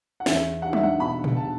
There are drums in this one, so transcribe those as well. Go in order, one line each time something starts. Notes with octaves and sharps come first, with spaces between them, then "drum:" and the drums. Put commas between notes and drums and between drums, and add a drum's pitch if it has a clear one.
F#5
E2 E5, drum: snare
G3 F#5
E5, drum: tom F#3
F#5
B2 B5
drum: tom A#2
A5